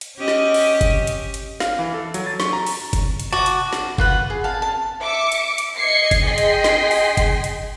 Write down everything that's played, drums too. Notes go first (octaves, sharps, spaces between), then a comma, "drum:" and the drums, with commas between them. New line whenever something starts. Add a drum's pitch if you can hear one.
drum: hi-hat
C#4 G4 D#5
drum: snare
drum: open hi-hat
drum: kick G1, hi-hat
drum: hi-hat
drum: hi-hat
F5, drum: snare
E3
A4
F#3, drum: hi-hat
A6
C#6, drum: snare
A#5
drum: open hi-hat
drum: kick G1, hi-hat
drum: hi-hat
F#4 A5 D6
drum: hi-hat
drum: snare
F4 B4 F#5, drum: kick G1
G#4
F5 A5
A5
E5 D6 C#7
drum: hi-hat
drum: hi-hat
D#5 G#6 C7 C#7
drum: kick G1, hi-hat
G#4 D#5 G5 C6 B6 C7
drum: hi-hat
drum: snare
drum: open hi-hat
drum: kick G1, hi-hat
drum: hi-hat